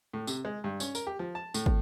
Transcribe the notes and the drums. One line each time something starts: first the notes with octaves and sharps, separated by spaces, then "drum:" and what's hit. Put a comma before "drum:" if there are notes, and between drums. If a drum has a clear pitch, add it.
A2
C3, drum: tambourine
G#3
G2
C#4, drum: tambourine
A#4, drum: tambourine
G4
F3
A5
A2, drum: tambourine
drum: kick